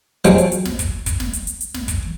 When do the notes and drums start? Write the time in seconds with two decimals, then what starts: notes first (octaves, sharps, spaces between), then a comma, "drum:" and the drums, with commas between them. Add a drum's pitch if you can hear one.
0.25 F3 F#3 G#3 C4 C#4, drum: hi-hat
0.38 drum: hi-hat
0.52 drum: hi-hat
0.65 drum: snare
0.79 drum: kick, hi-hat
1.06 drum: kick, hi-hat
1.20 drum: snare
1.34 drum: hi-hat
1.47 drum: hi-hat
1.61 drum: hi-hat
1.74 drum: snare
1.88 drum: kick, hi-hat